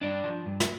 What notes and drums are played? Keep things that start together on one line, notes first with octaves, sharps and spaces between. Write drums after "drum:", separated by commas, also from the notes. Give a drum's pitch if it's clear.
G2 D4 D5
F3
G2
drum: snare